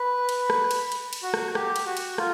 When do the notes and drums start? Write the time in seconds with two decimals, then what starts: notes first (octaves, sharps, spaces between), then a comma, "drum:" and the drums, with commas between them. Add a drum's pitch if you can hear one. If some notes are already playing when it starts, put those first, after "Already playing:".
Already playing: B4
0.29 drum: cymbal
0.50 drum: rim click
0.71 drum: cymbal
0.92 drum: cymbal
1.13 drum: cymbal
1.23 F#4
1.34 drum: rim click
1.55 G4, drum: rim click
1.76 drum: cymbal
1.86 F#4
1.97 drum: cymbal
2.18 F4, drum: rim click